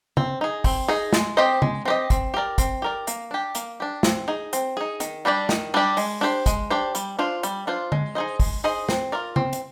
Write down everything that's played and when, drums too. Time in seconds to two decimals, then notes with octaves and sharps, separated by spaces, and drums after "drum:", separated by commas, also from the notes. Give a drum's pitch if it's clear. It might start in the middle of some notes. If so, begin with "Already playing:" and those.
0.17 C4, drum: tom C#3
0.41 D#4 G#4
0.64 C4, drum: kick, open hi-hat
0.88 D#4 G#4
1.13 G#3, drum: snare
1.37 C4 G4 C5 D#5
1.62 G#3, drum: tom C#3
1.85 C4 G4 C5 D#5
2.10 C4, drum: kick, hi-hat
2.34 G4 A#4 D5
2.58 C4, drum: kick, hi-hat
2.82 G4 A#4 D5
3.07 A#3, drum: hi-hat
3.31 D4 G4
3.55 A#3, drum: hi-hat
3.80 D4 G4
4.03 C4, drum: snare
4.28 D#4 G#4
4.53 C4, drum: hi-hat
4.77 D#4 G#4
5.00 D#3, drum: hi-hat
5.25 G3 D4 G4 D5
5.49 D#3, drum: snare
5.74 G3 D4 G4 D5
5.97 G#3, drum: open hi-hat
6.21 D4 G4 C5
6.46 G#3, drum: kick, hi-hat
6.70 D4 G4 C5
6.95 G3, drum: hi-hat
7.19 D4 F4 C5
7.43 G3, drum: hi-hat
7.67 D4 F4 C5
7.92 G#3, drum: tom D3
8.15 D#4 G#4 C5 D#5
8.40 G#3, drum: kick, open hi-hat
8.64 D#4 G#4 C5 D#5
8.89 C4, drum: snare
9.12 F4 A#4 D5
9.36 C4, drum: tom C#3
9.53 drum: hi-hat